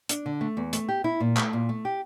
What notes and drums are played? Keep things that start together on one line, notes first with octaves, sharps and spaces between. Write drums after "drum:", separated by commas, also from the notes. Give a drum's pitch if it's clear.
D4, drum: hi-hat
D3
A3
E2
A3, drum: hi-hat
G4
E4
A#2
A3, drum: clap
A#2
A3
G4